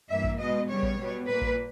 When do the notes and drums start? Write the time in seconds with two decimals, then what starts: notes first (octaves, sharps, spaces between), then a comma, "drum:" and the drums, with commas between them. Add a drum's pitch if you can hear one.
0.09 G2 E3 A#3 E5
0.24 drum: kick A1
0.39 B2 G#3 B3 D#5
0.68 C#3 G3 B3 C#5
0.83 drum: kick A1
0.98 B2 G3 B3
1.27 A#2 A#3 B4
1.42 drum: kick A1